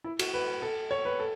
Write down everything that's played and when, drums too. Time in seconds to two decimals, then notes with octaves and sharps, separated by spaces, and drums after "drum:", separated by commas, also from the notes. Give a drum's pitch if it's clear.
0.04 E4
0.19 F#4, drum: cymbal
0.34 B4
0.62 A4
0.91 C#5
1.05 B4
1.20 A4